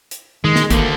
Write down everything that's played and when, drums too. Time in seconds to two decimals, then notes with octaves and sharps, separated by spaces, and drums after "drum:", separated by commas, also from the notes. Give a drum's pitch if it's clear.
0.11 drum: hi-hat
0.44 D#3 G#3
0.56 drum: snare
0.71 D2 D3 A#3, drum: kick, hi-hat